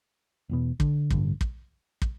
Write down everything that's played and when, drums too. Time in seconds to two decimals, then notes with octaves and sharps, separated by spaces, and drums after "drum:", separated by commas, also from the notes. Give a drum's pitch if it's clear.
0.49 E1 E2 B2
0.80 D3, drum: kick
1.10 A1 G2 D3, drum: kick
1.41 drum: kick
2.02 drum: kick